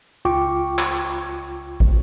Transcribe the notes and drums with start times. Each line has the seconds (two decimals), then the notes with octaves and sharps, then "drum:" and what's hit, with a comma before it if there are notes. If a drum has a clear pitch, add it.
0.25 C#2 F4 G5 C#6 D6
0.78 drum: clap
1.80 drum: kick